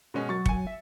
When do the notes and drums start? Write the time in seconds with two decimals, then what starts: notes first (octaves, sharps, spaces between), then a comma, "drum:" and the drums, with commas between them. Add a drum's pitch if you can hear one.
0.14 B2 G#3 C#4
0.29 F#3 C#6 A6
0.46 G#5 C#7, drum: kick
0.67 E5